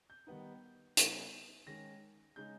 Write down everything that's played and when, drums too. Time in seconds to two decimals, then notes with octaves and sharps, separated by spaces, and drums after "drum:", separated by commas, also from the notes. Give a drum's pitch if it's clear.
0.10 G6
0.27 D#3 G3 B3 D#4
0.97 C#3 G3 B3 D#4, drum: hi-hat
1.66 D#3 G#3 C#4 A#6
2.36 C#3 G#3 D#4 G6